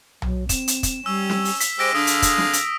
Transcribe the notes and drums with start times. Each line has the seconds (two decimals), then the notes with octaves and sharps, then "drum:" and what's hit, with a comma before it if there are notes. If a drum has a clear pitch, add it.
0.22 F#3, drum: tom B1
0.49 C4 E7, drum: kick, hi-hat
0.68 drum: hi-hat
0.83 drum: kick, hi-hat
1.06 G3 C#4 E6
1.29 drum: snare
1.45 drum: open hi-hat
1.60 B6, drum: hi-hat
1.79 G#3 G4 C5 E6 A#6 D7
1.95 D3 D4 G#4 F5 D#6
2.07 drum: hi-hat
2.22 drum: kick, hi-hat
2.38 drum: snare
2.53 drum: hi-hat